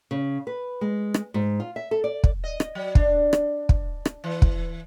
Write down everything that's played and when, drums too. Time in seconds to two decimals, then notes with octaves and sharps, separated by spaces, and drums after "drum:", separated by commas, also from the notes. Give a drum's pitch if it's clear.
0.11 C#3
0.47 B4
0.81 G#3
1.14 drum: rim click
1.34 G#2
1.60 F4
1.76 E5
1.91 A4
2.04 D5
2.24 drum: kick
2.44 D#5
2.60 drum: rim click
2.75 F#3
2.95 D4, drum: kick
3.33 drum: rim click
3.69 drum: kick
4.05 drum: rim click
4.24 E3
4.42 drum: kick